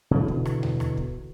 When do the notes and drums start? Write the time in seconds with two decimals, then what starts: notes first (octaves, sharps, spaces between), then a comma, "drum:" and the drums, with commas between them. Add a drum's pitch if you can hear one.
0.11 B2 D3 E3
0.28 drum: kick
0.45 drum: rim click
0.63 drum: tom D#2
0.80 drum: rim click
0.97 drum: kick